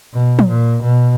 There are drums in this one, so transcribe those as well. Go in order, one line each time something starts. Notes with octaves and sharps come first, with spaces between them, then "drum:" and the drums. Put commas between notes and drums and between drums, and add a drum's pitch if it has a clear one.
B2
drum: tom
A#2
B2